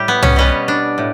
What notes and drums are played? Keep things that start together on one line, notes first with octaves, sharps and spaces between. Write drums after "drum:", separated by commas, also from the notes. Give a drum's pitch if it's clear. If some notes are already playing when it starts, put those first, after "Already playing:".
Already playing: A2 G3 G4
B3
C#4, drum: tom C2
B2 G3 B3 C#4
D4
A2